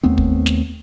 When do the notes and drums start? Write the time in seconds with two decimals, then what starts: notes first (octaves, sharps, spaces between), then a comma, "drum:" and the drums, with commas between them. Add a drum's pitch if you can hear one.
0.03 D#2 A3 B3 C4
0.18 drum: kick
0.46 drum: snare